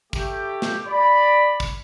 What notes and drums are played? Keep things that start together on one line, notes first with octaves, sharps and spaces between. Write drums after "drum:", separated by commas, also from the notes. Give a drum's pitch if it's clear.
A3 G4, drum: kick, tambourine
drum: snare
D5 B5
drum: kick, tambourine